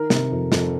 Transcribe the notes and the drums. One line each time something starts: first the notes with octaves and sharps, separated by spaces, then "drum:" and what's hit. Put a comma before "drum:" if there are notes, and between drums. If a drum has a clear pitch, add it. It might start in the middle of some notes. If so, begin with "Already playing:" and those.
Already playing: D#3 A#4
C3, drum: snare
F2
F2, drum: snare